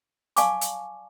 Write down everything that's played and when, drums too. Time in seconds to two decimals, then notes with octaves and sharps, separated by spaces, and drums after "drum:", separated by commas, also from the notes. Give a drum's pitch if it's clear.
0.37 D5 F5 G#5 A5 C#6 D6, drum: hi-hat
0.61 drum: hi-hat